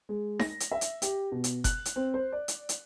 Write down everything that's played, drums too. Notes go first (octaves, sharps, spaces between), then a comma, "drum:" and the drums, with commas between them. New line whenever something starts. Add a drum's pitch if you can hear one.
G#3
A#6, drum: snare D#4
drum: hi-hat
E5
drum: hi-hat
G4, drum: hi-hat
B2
drum: hi-hat
F#6, drum: kick F#1, hi-hat
drum: hi-hat
C4
C5
D5
drum: hi-hat
drum: hi-hat